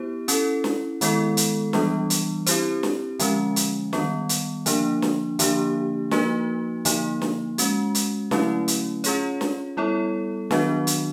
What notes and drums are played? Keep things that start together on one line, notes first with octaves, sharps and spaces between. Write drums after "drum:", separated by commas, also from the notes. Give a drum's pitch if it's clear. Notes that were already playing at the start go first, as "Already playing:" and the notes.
Already playing: B3 E4 G4 C5
C#4 E4 A4, drum: hi-hat
drum: snare
D#3 G#3 B3 E4 A4, drum: hi-hat
drum: hi-hat
E3 G3 B3 D4, drum: snare
drum: hi-hat
C4 E4 G4 C5, drum: hi-hat
drum: snare
D3 F3 G#3 C#4, drum: hi-hat
drum: hi-hat
D#3 G3 B3, drum: snare
drum: hi-hat
D3 F3 A#3 D4, drum: hi-hat
drum: snare
D3 F3 A#3 D4 G4, drum: hi-hat
F3 A#3 D#4 F#4 B4, drum: snare
D3 F3 A#3 D#4, drum: hi-hat
drum: snare
G#3 C#4 F#4, drum: hi-hat
drum: hi-hat
D3 F#3 A3 C#4 E4, drum: snare
drum: hi-hat
C#4 F4 G#4 C#5, drum: hi-hat
drum: snare
G3 B3 E4 A4 C#5
D#3 F#3 B3 D4 F#4, drum: snare
drum: hi-hat